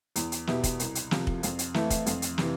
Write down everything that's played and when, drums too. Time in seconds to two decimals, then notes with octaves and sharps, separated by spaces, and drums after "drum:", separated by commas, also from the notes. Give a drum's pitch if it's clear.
0.16 E2, drum: hi-hat
0.32 drum: hi-hat
0.47 B2 B3 E4 G4, drum: snare
0.64 drum: kick, hi-hat
0.80 C2, drum: hi-hat
0.95 drum: hi-hat
1.11 C3 F3, drum: snare
1.27 drum: kick
1.43 F2, drum: hi-hat
1.59 drum: hi-hat
1.74 E3 A3 E4, drum: snare
1.90 drum: kick, hi-hat
2.06 F2, drum: hi-hat
2.22 drum: hi-hat
2.38 C3 E3, drum: snare